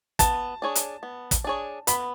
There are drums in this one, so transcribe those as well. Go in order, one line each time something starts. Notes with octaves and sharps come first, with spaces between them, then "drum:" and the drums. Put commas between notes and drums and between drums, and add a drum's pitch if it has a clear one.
B3 A5, drum: kick, hi-hat
D4 G#4 C#5
drum: hi-hat
B3
drum: kick, hi-hat
D4 G#4 C#5
B3 B5, drum: hi-hat